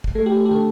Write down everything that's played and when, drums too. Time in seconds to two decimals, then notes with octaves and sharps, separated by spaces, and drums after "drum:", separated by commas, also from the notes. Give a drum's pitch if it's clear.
0.04 drum: kick
0.15 A3 A4
0.26 G4
0.37 A4
0.45 G4
0.51 D3 A4